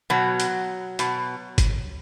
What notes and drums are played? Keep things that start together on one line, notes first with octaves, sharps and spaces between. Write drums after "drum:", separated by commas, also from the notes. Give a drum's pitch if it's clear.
B2 F#3
drum: hi-hat
B2, drum: hi-hat
drum: kick, hi-hat